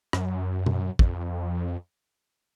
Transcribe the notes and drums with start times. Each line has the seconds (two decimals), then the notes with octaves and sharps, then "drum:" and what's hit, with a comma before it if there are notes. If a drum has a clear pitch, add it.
0.13 F#2, drum: rim click
0.66 drum: tom B2
0.99 F2, drum: kick